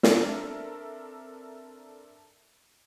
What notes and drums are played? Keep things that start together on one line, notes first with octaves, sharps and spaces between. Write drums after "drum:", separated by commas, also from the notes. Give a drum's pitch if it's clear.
C4 D4 A4 A#4 E5, drum: snare